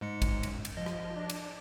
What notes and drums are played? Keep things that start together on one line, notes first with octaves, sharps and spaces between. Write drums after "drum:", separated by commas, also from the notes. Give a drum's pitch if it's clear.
G#2 G#3 C#7
F#2, drum: kick, cymbal
drum: cymbal
drum: cymbal
F3 D#5
drum: rim click
D4
drum: cymbal